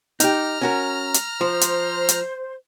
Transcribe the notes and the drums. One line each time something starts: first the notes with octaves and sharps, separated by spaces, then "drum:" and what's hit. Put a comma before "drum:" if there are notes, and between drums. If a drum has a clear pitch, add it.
D#4 G4 A#5 F6, drum: hi-hat
C#4 F#4 A#4
drum: hi-hat
F3 C5
drum: hi-hat
drum: hi-hat